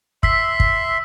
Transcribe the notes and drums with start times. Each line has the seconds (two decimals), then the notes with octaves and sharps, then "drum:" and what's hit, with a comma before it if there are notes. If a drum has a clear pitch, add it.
0.23 E5 C6 E6 B6, drum: kick
0.60 drum: kick